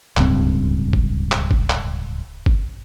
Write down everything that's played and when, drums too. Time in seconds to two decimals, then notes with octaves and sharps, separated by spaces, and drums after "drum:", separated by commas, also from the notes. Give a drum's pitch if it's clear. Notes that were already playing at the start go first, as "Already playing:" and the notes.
0.17 D1 C#2 G2 C4, drum: clap
0.93 drum: kick G1
1.32 drum: clap
1.51 drum: kick G1
1.70 drum: clap
2.46 drum: kick G1